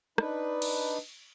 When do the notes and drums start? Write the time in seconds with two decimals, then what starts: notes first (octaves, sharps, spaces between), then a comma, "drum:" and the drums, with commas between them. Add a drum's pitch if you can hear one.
0.18 D4 D#4 B4, drum: rim click
0.62 drum: cymbal